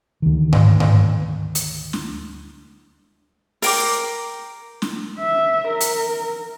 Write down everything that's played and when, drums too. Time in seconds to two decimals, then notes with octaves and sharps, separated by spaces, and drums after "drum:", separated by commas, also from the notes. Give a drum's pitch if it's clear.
0.22 D2 D#3
0.53 drum: tom G#2
0.80 drum: tom G#2
1.55 drum: hi-hat
1.93 drum: snare
3.62 A#4 G5 D6, drum: open hi-hat
4.82 drum: snare
5.19 E5
5.68 A#4
5.80 drum: hi-hat